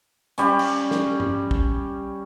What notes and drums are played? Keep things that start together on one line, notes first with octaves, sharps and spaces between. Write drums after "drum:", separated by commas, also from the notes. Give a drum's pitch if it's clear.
G3 C#4, drum: hi-hat
drum: cymbal
drum: snare
drum: tom G2
drum: kick